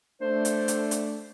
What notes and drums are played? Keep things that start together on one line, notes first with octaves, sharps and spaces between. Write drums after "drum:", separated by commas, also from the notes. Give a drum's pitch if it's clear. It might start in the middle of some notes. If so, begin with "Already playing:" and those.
A3 D4 C5
drum: hi-hat
drum: hi-hat
drum: hi-hat